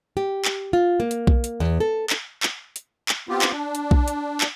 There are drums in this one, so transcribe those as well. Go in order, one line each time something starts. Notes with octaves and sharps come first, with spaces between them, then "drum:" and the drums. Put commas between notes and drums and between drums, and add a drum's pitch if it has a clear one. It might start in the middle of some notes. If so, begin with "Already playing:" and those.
G4
drum: clap
F4
A#3
drum: hi-hat
drum: kick B1
drum: hi-hat
E2
A4
drum: clap
drum: clap
drum: hi-hat
drum: clap
B3 C4 F4 G4
drum: clap
D4
drum: hi-hat
drum: kick B1
drum: hi-hat
drum: clap